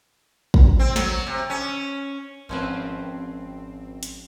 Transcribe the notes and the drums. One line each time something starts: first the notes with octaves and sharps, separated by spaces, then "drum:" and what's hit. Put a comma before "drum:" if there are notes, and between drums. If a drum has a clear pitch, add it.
drum: kick
C4
F#3, drum: snare
C3
C#4
G#1 F3 C4 C#4 B4
drum: hi-hat